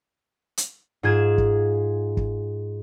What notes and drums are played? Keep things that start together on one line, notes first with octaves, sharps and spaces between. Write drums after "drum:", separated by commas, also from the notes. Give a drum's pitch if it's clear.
drum: hi-hat
G#2 F4 G#4 G#6 E7
drum: kick
drum: kick